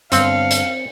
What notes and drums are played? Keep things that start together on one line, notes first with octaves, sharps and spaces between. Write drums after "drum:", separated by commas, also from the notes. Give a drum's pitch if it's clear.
G2 D3 B3 C4 F5 C#7, drum: hi-hat
drum: hi-hat